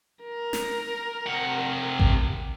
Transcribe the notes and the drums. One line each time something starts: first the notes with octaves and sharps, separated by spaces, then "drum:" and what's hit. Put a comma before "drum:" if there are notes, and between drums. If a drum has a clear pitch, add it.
A#4
drum: snare
C3 F#5
drum: kick A1